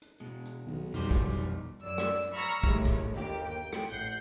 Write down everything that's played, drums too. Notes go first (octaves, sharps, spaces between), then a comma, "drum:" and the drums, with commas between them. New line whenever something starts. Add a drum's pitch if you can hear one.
drum: hi-hat
B2 G#3
drum: hi-hat
B1 D#3
F2 B2 D#3 E3 G3 D#4 C5
drum: kick
drum: hi-hat
F#2 D5 E6
drum: rim click
drum: hi-hat
A#5 B5 C#6 E6 F6 A#6
D#2 A2 G#3, drum: kick, hi-hat
drum: kick
G1 D#2 A#3 G4
G5
drum: rim click
A1 F#5 G6 C7